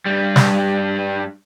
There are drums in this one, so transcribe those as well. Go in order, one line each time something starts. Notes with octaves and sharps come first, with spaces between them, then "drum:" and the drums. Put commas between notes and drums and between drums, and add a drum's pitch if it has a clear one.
G2 G3
drum: snare